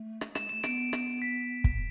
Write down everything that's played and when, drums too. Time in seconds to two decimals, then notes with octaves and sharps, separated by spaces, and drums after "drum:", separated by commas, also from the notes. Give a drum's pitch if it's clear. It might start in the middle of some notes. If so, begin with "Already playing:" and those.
Already playing: A3
0.21 drum: rim click
0.35 G#3 E7, drum: rim click
0.49 A3 E7
0.63 B3 D7, drum: rim click
0.93 drum: rim click
1.22 B6
1.64 drum: kick